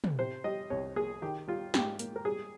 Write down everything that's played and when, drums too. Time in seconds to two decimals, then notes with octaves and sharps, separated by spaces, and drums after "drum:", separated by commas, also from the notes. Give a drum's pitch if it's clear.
0.04 drum: tom
0.19 C3 C5
0.44 G3 D#5
0.70 C2 C#5
0.96 A#3 G#4
1.22 D#3 G4
1.48 G3 F4
1.74 G#2 G4, drum: snare
1.99 A#3, drum: hi-hat
2.16 A#4
2.25 G3 G#4